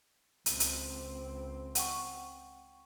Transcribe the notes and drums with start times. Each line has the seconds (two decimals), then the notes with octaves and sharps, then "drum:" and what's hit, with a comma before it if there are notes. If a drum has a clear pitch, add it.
0.46 C#2 C4, drum: hi-hat
0.60 drum: hi-hat
1.75 F#5 G5 C#6, drum: hi-hat